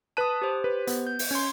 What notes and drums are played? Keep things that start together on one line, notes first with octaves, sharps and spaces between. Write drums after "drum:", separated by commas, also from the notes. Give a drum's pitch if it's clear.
B4 A5 D#6 F#6 D#7
G4 C5
B4
B3, drum: hi-hat
G6
drum: open hi-hat
C#4 C6 G#6